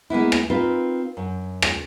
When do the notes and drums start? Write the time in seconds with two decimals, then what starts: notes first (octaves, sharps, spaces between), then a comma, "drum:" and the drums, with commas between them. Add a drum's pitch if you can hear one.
0.10 G#3 A#3 B3 E4
0.32 drum: rim click
0.50 C4 D#4 F4 A#4 B4
1.17 F#2
1.62 drum: rim click